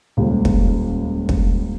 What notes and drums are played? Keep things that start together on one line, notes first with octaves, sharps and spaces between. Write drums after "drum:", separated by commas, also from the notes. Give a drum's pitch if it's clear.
D#1 C#2
drum: kick
drum: kick